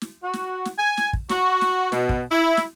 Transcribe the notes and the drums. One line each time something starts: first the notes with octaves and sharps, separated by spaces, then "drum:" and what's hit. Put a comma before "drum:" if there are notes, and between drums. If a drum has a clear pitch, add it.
drum: snare
F#4
drum: snare
drum: snare
G#5
drum: snare
drum: kick
F#4, drum: snare
drum: snare
B2, drum: snare
drum: kick
E4
drum: snare